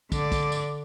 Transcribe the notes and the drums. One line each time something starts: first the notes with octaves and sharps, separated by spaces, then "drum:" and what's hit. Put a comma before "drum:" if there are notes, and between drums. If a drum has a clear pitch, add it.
D3 D5, drum: kick, tambourine
drum: kick, tambourine
drum: tambourine